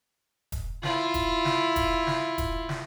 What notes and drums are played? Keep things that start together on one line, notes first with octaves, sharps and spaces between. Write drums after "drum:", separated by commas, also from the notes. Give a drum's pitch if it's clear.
drum: kick E1, hi-hat
E4 F4, drum: snare
drum: kick E1, hi-hat
drum: snare
drum: kick E1, hi-hat
drum: snare
drum: kick E1, hi-hat
drum: snare